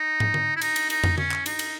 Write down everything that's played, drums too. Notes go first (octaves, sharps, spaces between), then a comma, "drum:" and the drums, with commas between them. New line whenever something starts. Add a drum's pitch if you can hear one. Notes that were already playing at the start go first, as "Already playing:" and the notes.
Already playing: D#4
drum: tom
drum: tom
E4
D#4, drum: cymbal
drum: cymbal
D#4, drum: cymbal
drum: tom
C#4, drum: tom
drum: clap
D#4, drum: cymbal
drum: cymbal